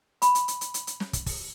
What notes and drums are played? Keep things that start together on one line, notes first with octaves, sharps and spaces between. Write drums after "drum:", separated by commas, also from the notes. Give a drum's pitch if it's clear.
B5, drum: hi-hat
drum: hi-hat
drum: hi-hat
drum: hi-hat
drum: hi-hat
drum: hi-hat
drum: snare
drum: kick, hi-hat
drum: kick, open hi-hat